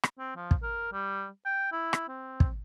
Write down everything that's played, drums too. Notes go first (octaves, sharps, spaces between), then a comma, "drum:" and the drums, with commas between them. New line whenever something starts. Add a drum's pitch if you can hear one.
drum: rim click
C4
F3
drum: kick
A#4
G3
G5
E4
drum: rim click
C4
drum: kick